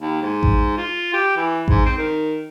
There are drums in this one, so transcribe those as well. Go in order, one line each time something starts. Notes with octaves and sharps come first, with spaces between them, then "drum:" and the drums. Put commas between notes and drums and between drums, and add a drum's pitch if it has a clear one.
D#2
G#2
drum: kick A1
F4
G4
E3
G#2, drum: kick A1
C4
D#3